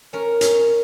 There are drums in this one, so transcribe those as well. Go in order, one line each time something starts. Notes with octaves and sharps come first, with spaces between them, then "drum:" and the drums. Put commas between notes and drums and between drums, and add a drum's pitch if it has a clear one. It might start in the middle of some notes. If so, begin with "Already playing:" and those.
C#4 A#4
C#4, drum: hi-hat